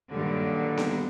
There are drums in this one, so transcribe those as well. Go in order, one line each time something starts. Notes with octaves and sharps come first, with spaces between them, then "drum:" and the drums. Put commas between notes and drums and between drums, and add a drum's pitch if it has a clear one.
G2 A#2 D3 D#3 F#3 G3
drum: snare B3